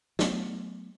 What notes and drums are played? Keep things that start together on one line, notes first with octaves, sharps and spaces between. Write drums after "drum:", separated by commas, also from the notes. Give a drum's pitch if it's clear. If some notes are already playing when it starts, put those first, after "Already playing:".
F#3 A3 B3, drum: snare